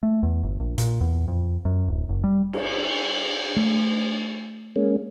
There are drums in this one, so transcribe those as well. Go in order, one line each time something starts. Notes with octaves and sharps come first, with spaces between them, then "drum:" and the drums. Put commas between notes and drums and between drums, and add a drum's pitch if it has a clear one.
A3
E2
G1
A#1
A#2, drum: hi-hat
E2
F2
F#2
D1
F#1
G3
drum: cymbal
A3
G#3 A#3 C#4